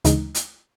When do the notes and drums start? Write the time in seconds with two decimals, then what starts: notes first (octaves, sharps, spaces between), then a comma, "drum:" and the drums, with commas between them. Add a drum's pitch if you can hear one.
0.05 D2 C#3 E3 G#3 D#4, drum: hi-hat
0.35 drum: hi-hat